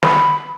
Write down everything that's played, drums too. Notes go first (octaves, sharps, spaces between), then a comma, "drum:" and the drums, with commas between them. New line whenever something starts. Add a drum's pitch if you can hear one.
B5, drum: snare